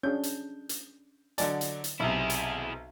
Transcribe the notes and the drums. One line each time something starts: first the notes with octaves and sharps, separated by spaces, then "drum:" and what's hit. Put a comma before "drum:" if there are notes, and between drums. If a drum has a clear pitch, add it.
C#4 D4 G#4 G6
drum: hi-hat
drum: hi-hat
D3 F#3 D5 D#5 G#5 A5, drum: hi-hat
drum: hi-hat
drum: hi-hat
B1 C3 E4 G#4 E5
drum: hi-hat